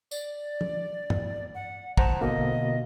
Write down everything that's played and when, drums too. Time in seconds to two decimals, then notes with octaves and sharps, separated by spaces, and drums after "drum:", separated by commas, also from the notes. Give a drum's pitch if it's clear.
0.11 D5, drum: tambourine
0.61 drum: tom
1.10 drum: tom
1.54 F#5
1.97 C5 F#5 A5 A#5, drum: kick
2.21 B2 D3 A#3 D#5